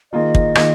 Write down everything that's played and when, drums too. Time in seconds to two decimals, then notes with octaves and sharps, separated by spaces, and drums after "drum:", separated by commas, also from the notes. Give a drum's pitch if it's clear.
0.13 D#3 A#3 F4 G#4 D#5
0.35 drum: kick
0.55 D#3 A#3 F4 G#4, drum: rim click